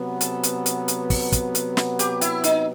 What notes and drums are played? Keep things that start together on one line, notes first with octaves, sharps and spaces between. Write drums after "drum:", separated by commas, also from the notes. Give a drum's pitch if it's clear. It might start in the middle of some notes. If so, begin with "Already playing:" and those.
Already playing: C3 F#3 B3
A4, drum: hi-hat
drum: hi-hat
drum: hi-hat
drum: hi-hat
drum: kick, open hi-hat
drum: kick, hi-hat
drum: hi-hat
drum: snare
G4, drum: hi-hat
E4, drum: hi-hat
D#4, drum: hi-hat